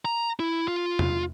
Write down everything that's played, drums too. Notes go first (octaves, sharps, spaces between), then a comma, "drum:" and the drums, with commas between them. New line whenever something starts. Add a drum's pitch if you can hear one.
A#5
E4
F4
drum: tom E2